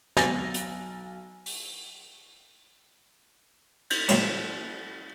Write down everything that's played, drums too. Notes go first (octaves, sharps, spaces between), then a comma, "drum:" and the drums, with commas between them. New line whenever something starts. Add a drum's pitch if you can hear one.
B1 G#5 A6 A#6 F7, drum: snare
drum: hi-hat
drum: open hi-hat
drum: cymbal
F#3 G3 A#3 C4, drum: cymbal